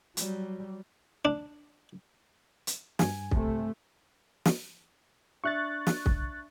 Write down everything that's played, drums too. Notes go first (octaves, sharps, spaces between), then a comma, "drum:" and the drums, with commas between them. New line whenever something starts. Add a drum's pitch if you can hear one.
F#3 G3, drum: hi-hat
D4
drum: hi-hat
G2 G#5, drum: snare
C3 A3, drum: kick
drum: snare
D4 E5 C#6 F#6 A6
drum: snare
drum: kick